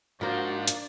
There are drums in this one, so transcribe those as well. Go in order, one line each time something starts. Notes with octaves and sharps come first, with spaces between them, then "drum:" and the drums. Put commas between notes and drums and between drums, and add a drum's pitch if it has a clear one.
G#2 F3 A#3 D4 F#4 C5 D5
drum: hi-hat